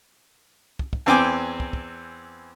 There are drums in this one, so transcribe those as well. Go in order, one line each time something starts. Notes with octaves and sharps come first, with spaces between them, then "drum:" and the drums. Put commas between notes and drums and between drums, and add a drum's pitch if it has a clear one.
drum: kick
drum: kick
E2 E3 C4 G5 G#5 D6
drum: kick
drum: kick